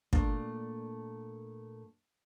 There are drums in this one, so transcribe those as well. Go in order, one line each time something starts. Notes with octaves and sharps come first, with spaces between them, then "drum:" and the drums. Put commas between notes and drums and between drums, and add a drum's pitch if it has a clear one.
A#2 A3 A#3 D4, drum: kick